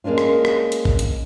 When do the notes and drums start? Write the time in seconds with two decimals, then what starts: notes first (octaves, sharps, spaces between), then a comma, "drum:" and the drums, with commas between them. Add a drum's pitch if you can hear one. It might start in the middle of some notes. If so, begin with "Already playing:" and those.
0.04 G#3 A#3 C#4 D4 F4
0.18 drum: rim click
0.45 drum: rim click
0.72 drum: hi-hat
0.85 drum: kick
0.99 drum: hi-hat